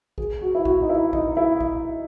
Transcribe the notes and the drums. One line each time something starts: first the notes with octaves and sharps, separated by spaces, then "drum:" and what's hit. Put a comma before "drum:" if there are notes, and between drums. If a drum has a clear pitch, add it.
G#4, drum: kick
F#4
E4
F#4, drum: kick
D#4
E4
D#4, drum: kick
E4
drum: kick